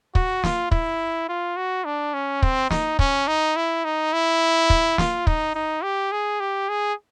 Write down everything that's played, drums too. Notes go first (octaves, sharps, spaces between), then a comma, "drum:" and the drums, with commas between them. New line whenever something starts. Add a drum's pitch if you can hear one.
F#4, drum: kick
F4, drum: snare
E4, drum: kick
F4
F#4
D4
C#4
C4, drum: kick
D#4, drum: snare
C#4, drum: kick
D#4
E4
D#4
E4
drum: kick
F4, drum: snare
D#4, drum: kick
D#4
G4
G#4
G4
G#4